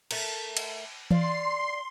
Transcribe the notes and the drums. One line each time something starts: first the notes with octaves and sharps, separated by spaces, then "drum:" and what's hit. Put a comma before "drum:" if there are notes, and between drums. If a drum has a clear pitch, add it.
A3 A#4, drum: cymbal
drum: cymbal
D5 F5 C6, drum: tom E3